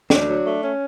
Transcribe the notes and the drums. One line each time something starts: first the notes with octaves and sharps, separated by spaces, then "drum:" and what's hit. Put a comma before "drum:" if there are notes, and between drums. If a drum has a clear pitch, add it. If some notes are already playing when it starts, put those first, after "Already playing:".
D2 D4, drum: snare
F#3
A3
C#4